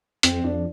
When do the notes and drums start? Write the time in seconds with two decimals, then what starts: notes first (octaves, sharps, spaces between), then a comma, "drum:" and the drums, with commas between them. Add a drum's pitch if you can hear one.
0.23 F2 C4, drum: hi-hat
0.44 F2 D4